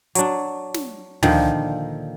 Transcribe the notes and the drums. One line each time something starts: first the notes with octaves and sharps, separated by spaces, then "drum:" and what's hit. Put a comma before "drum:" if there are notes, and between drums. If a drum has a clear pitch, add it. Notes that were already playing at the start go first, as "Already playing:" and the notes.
F#3 D4, drum: hi-hat
drum: snare
A#2 D3 D#3 F3, drum: tom